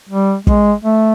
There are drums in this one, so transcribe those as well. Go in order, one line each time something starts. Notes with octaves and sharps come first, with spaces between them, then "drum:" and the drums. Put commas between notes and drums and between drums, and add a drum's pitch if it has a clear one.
G3
G#3, drum: kick
A3